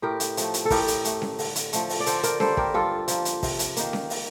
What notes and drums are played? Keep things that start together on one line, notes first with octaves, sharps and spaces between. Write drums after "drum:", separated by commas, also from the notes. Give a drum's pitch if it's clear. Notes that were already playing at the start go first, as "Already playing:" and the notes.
A2 G4 A#4
drum: hi-hat
F3 A3, drum: hi-hat
drum: hi-hat
A4
A2 G4 A#4, drum: kick, open hi-hat
drum: hi-hat
A3, drum: hi-hat
drum: snare C#4
D3, drum: open hi-hat
drum: hi-hat
F3 A3, drum: hi-hat
drum: open hi-hat
D5
D3 A4 C5, drum: hi-hat
A#4 D5, drum: hi-hat
G3 A#3 A4 C5, drum: snare C#4
G4 A#4, drum: kick
G2 F4 A4
F3 A#3, drum: hi-hat
drum: hi-hat
C3, drum: kick, open hi-hat
drum: hi-hat
D#3 A#3, drum: hi-hat
drum: snare C#4
drum: open hi-hat